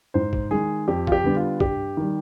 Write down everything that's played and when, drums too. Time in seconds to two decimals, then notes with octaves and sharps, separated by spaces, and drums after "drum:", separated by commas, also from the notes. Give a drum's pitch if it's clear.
0.14 G#2 C5
0.33 drum: kick
0.51 D#3 G#3 G#4
0.88 F2 G4
1.07 F4, drum: kick
1.12 G4
1.24 D3 G3 B3 D4
1.36 F4
1.60 G2 G4, drum: kick
1.97 D#3 G3